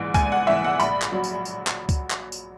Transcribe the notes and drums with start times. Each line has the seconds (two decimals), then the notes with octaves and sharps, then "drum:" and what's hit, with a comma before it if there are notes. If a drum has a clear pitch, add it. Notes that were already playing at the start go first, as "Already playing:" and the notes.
Already playing: A#1 G#2 E3
0.14 A#1 G#5, drum: kick C#2, tambourine
0.32 F#5
0.47 G#2 E3 E5
0.64 F#5
0.80 A#1 B5, drum: tambourine
1.02 drum: clap
1.12 F#3
1.24 drum: tambourine
1.45 drum: tambourine
1.67 drum: clap
1.89 drum: kick C#2, tambourine
2.10 drum: clap
2.32 drum: tambourine